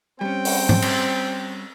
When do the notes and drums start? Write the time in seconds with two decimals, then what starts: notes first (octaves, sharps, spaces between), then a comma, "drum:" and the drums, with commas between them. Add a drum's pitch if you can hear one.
0.21 G3 C4 C#4 G5
0.45 drum: open hi-hat
0.69 drum: tom G#2
0.82 drum: cymbal